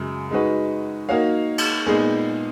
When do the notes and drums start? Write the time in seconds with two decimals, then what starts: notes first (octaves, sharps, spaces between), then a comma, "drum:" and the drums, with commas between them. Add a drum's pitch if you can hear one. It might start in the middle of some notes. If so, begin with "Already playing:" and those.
Already playing: F#2 C#3 G#3
0.31 G#3 D#4 F#4 B4
1.09 A#3 D#4 F#4 C#5 F5
1.58 drum: cymbal
1.87 A#2 G#3 B3 D#4 G#4